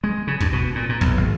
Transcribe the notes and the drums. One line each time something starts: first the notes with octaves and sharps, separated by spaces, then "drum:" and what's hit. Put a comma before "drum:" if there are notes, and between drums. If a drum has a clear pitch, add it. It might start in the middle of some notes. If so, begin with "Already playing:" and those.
G#3
C#3
G2, drum: kick
B2
A#2
A#2
B1, drum: kick
G#1